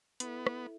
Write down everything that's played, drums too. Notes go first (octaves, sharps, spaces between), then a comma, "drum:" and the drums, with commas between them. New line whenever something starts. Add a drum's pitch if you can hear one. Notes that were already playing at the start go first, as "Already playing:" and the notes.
B3 E4 A4 E5, drum: hi-hat
drum: rim click